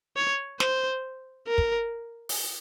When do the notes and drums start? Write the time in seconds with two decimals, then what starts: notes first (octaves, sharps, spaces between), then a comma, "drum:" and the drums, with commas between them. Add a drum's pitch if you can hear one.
0.16 C#5
0.60 C5, drum: snare
1.48 A#4
1.58 drum: kick
2.29 drum: open hi-hat